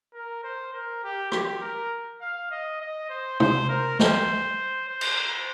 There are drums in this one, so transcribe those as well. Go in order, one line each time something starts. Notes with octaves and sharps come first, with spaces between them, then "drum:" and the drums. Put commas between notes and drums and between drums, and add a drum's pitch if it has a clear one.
A#4
C5
A#4
G4
G4, drum: rim click
A#4
F5
D#5
D#5
C5
C5, drum: tom
A#4
C5, drum: snare
C5
drum: cymbal